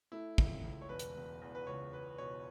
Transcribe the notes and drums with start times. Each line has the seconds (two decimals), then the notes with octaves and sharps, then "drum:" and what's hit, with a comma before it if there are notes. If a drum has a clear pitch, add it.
0.12 A3 E4
0.38 C#2, drum: kick
0.64 C#2
0.82 C#5
0.89 E1 B4
0.99 drum: hi-hat
1.16 E1
1.42 E2
1.55 B4
1.67 C#2 C#5
1.93 C#2 B4
2.18 B2 C#5